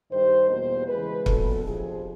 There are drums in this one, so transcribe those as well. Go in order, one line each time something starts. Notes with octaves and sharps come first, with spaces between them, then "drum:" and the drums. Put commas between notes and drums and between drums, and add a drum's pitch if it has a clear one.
G2 D#3 G3 C5
E2 B2 G3 A#3 C5
C#3 E3 G#3 B4
A#2 F#3 B3 D4 A4, drum: kick
F2 C3 F3 G#4